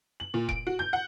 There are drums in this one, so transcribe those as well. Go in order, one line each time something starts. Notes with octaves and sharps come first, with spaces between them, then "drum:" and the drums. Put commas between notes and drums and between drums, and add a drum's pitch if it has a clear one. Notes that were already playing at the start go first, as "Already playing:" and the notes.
F#7
A#2
D7, drum: kick E1
F#4
G6
F#5